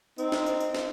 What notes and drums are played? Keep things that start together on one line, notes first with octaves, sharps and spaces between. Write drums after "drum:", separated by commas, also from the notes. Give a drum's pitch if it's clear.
C4 D#4, drum: tambourine
drum: snare
drum: tambourine
drum: tambourine
drum: snare